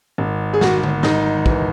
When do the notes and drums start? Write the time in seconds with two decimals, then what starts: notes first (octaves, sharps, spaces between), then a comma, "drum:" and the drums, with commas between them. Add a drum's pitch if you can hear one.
0.18 G#1
0.54 G#4
0.61 G#1 F#4, drum: snare
0.83 drum: tom D3
1.03 G#1 D#4, drum: snare
1.46 E3, drum: kick